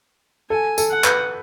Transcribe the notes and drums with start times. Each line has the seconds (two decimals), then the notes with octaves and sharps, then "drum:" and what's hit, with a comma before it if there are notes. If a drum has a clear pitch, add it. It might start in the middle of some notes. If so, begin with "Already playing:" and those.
0.50 A4 G#5
0.78 A4, drum: tambourine
0.91 F#5
1.04 B4, drum: clap